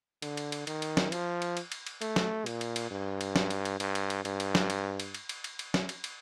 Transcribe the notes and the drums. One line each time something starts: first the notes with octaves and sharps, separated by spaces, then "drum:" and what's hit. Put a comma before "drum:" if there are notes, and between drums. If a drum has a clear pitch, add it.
D3, drum: cymbal
drum: cymbal
drum: cymbal
D#3, drum: cymbal
drum: cymbal
drum: snare
F3, drum: cymbal
drum: cymbal
drum: cymbal
drum: cymbal
drum: cymbal
A3, drum: cymbal
drum: snare
A#2, drum: cymbal
drum: cymbal
drum: cymbal
G2
drum: cymbal
drum: snare
drum: cymbal
drum: cymbal
G2, drum: cymbal
drum: cymbal
drum: cymbal
G2, drum: cymbal
drum: cymbal
drum: snare
drum: cymbal
drum: cymbal
drum: cymbal
drum: cymbal
drum: cymbal
drum: cymbal
drum: snare
drum: cymbal
drum: cymbal